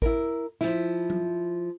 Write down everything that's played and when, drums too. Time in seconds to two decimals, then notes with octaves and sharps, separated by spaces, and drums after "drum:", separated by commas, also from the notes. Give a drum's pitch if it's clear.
0.02 E4 A#4, drum: kick A1
0.61 F3 E4, drum: snare
1.10 drum: tom F#3